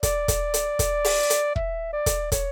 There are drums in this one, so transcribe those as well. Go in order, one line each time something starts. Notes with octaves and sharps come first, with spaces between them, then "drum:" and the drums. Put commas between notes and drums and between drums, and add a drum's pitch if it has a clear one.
D5, drum: kick, hi-hat
drum: kick, hi-hat
drum: hi-hat
drum: kick, hi-hat
drum: open hi-hat
drum: hi-hat
E5, drum: kick
D5
drum: kick, hi-hat
C#5, drum: kick, hi-hat